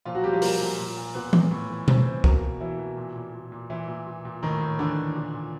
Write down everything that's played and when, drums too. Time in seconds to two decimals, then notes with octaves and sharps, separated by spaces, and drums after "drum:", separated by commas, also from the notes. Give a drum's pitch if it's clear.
0.05 A#2 F3 F4
0.15 F#3 F#4
0.24 A#2 G3 G4
0.33 F3 F4
0.42 A#2 A#3 A#4, drum: open hi-hat
0.60 A#2
0.79 A#2
0.97 A#2
1.14 A#2 B3 B4
1.33 A#2, drum: tom E3
1.51 A2
1.70 E3
1.88 A2 C4 C5, drum: tom B2
2.06 E3
2.24 B2 A#3 A#4, drum: kick C2
2.43 B2
2.61 B2 E3 E4
2.79 B2
2.97 A#2
3.16 A#2
3.33 A#2
3.52 A#2
3.70 A#2 E3 E4
3.87 A#2
4.07 A#2
4.25 A#2
4.43 A2 D#3 D#4
4.61 A2
4.79 D3 E3 D4
4.97 E3
5.15 A#2
5.34 A#2